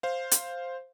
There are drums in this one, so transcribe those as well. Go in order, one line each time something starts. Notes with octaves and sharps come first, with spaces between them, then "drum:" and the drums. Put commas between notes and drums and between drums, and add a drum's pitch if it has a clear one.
C5 F5
drum: hi-hat